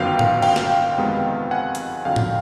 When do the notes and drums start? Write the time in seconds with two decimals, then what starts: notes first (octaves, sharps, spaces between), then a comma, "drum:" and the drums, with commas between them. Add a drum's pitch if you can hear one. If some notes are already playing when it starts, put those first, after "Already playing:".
Already playing: G1 F#2 D#3 F#3 B3 F5 G5
0.19 drum: tom A2
0.42 F5 G5, drum: cymbal
0.56 drum: snare
0.98 F2 C3 D#3 G#3 B3
1.51 F#5 G#5
1.75 drum: hi-hat
2.05 F2 D3 F#3 F5 G5
2.16 drum: tom A2